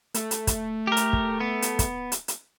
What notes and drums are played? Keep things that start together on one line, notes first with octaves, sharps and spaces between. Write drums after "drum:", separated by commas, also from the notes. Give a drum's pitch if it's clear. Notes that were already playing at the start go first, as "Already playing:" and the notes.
A3, drum: hi-hat
drum: hi-hat
drum: kick, hi-hat
G4 A#4
drum: hi-hat
drum: kick
B3
drum: hi-hat
drum: kick, hi-hat
drum: hi-hat
drum: hi-hat